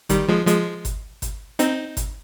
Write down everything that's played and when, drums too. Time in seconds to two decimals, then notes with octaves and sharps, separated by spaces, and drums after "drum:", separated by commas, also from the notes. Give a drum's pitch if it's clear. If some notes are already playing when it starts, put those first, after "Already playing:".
0.09 D#3 G3, drum: kick G1, hi-hat
0.29 F3 G#3
0.47 F3 G#3, drum: hi-hat
0.85 drum: kick G1, hi-hat
1.22 drum: kick G1, hi-hat
1.59 C4 D#4, drum: hi-hat
1.97 drum: kick G1, hi-hat